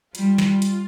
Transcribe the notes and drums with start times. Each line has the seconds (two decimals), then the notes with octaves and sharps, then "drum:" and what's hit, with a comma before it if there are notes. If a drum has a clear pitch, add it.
0.15 G3 F4, drum: hi-hat
0.38 drum: snare
0.62 drum: hi-hat